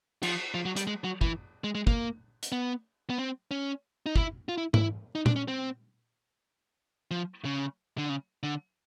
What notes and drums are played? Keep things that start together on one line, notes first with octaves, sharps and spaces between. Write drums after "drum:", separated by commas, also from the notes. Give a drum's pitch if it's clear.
F3, drum: cymbal
F3
F#3
G3, drum: hi-hat
G#3
F#3
E3, drum: kick
G#3
G#3
A#3, drum: kick
drum: hi-hat
B3
B3
C4
C#4
D#4
E4, drum: kick
F4
E4
E4, drum: tom G#2
D#4
D4, drum: tom A#2
C#4
C4
F3
C#3
D3
C#3
D3